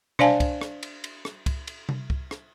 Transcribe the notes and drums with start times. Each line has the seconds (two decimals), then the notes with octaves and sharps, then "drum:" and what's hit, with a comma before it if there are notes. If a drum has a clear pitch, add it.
0.19 D4 C5 D5 F5 G#5 A5, drum: tom B2
0.40 drum: kick, cymbal
0.61 drum: rim click
0.83 drum: cymbal
1.04 drum: cymbal
1.25 drum: rim click
1.46 drum: kick, cymbal
1.67 drum: cymbal
1.89 drum: tom C3
2.10 drum: kick
2.31 drum: rim click